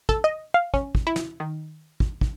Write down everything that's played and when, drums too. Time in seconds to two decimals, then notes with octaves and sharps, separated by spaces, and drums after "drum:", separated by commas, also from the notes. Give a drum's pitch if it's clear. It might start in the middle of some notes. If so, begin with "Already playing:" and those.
0.09 A4, drum: kick
0.24 D#5
0.54 F5
0.74 C#4, drum: kick
0.95 drum: kick
1.07 E4
1.16 drum: snare
1.40 D#3
2.00 drum: kick
2.21 drum: kick